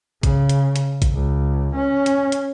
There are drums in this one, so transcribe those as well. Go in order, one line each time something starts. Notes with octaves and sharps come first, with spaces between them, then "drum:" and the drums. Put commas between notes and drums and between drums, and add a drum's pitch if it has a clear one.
C#3, drum: kick A1, hi-hat
drum: hi-hat
drum: hi-hat
drum: kick A1, hi-hat
C#2
C#4
drum: hi-hat
drum: hi-hat